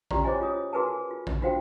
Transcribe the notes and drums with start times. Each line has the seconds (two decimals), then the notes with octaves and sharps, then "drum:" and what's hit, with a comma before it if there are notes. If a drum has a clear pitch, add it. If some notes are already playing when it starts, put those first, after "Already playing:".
0.11 C#4 F4 G4 D5 A#5, drum: kick A#1
0.24 G#4 C5 C#5 D#5 G#5
0.41 F4 C#5 D#6
0.73 F#4 G#4 A#4 B4 G#5 A5
1.11 F4
1.27 drum: kick A#1
1.42 D4 F4 F#4 C5 F5 G5